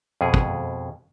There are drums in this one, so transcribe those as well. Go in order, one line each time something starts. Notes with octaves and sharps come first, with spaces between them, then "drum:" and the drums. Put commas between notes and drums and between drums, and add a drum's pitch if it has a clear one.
F2 B2 G#4
drum: kick